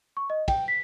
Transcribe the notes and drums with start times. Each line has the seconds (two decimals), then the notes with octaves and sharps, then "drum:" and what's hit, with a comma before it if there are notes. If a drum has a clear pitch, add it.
0.17 C#6
0.30 D#5
0.48 G5, drum: kick, cymbal
0.68 B6